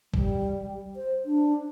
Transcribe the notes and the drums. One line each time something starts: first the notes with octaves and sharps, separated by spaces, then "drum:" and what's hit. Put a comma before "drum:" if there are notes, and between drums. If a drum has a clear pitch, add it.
G3, drum: kick B1
C5
D4